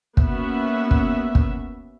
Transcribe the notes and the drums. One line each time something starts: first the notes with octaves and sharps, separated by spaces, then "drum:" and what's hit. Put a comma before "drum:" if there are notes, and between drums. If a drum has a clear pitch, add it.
A#3 B3 C#4 F#4 E5, drum: kick
drum: kick
drum: kick